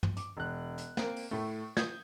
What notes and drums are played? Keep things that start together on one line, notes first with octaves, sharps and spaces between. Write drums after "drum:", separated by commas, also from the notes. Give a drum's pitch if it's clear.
drum: tom
D6, drum: hi-hat
E1 F#6
drum: hi-hat
A#3 C4, drum: snare
drum: open hi-hat
A2 A3
D#6 G6 G#6, drum: snare